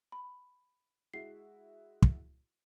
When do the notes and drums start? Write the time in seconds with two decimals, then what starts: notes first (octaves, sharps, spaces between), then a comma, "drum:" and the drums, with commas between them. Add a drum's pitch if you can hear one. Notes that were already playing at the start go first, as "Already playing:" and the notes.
0.12 B5
1.14 G#3 E4 F#4 C7
2.02 drum: kick